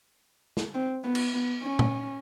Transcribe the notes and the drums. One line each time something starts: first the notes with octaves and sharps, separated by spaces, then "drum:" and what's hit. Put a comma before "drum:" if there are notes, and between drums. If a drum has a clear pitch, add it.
drum: snare
C4
B3
drum: cymbal
B3
C#4
drum: tom